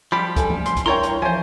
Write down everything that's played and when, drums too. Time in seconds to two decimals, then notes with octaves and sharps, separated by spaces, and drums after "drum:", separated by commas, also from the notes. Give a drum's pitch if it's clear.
0.12 F3 G3 G4 B5
0.36 A4 G#5, drum: kick C#2, hi-hat
0.50 drum: tom E3
0.66 C6, drum: hi-hat
0.77 drum: kick C#2, hi-hat
0.86 G2 E4 A#4 C#5 G5 A#5 C6
1.03 drum: hi-hat
1.22 E3 F3 C5 G#5